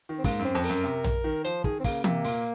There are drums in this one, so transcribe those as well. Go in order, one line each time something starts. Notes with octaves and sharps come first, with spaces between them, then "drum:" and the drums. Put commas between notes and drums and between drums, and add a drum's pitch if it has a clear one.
D#3
C4
G#2 A#3, drum: kick, open hi-hat
F#2
C4
F2
A#4, drum: open hi-hat
F#2
C3
drum: tom A#1
D#3
F3 C5, drum: hi-hat
D#3 G#4, drum: kick
C4
C#3 A#3, drum: kick, open hi-hat
C3 A#3, drum: tom E3
A#2, drum: open hi-hat